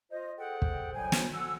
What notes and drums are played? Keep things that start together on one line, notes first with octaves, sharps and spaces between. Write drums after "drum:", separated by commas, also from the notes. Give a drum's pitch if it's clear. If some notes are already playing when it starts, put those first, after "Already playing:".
F4 C5 D#5
G#4 A4 C5 F#5 G5
drum: kick
A2 F#3 G3 C5 G5 G#5
drum: snare
D3 F3 F#4 F#5 G#5 E6